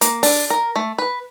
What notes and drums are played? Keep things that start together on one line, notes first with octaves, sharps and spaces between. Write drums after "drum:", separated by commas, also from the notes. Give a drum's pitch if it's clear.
A#3, drum: hi-hat
D4, drum: open hi-hat
A#4
A3
B4